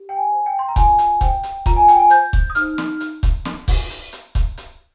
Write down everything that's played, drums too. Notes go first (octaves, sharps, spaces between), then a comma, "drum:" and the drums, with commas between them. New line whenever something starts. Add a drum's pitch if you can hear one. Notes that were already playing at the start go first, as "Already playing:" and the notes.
Already playing: G4
G5
G#5
C5
G5
C6
A#5
F4 G#5, drum: kick, hi-hat
drum: hi-hat
C5 G5, drum: kick, hi-hat
drum: hi-hat
F4 A#5, drum: kick, hi-hat
G#5
G5, drum: hi-hat
G#5
C5 G6, drum: hi-hat
drum: kick
D#6
D#4 F6, drum: hi-hat
drum: snare
drum: hi-hat
drum: kick, hi-hat
drum: snare
drum: kick, open hi-hat
drum: hi-hat
drum: hi-hat
drum: kick, hi-hat
drum: hi-hat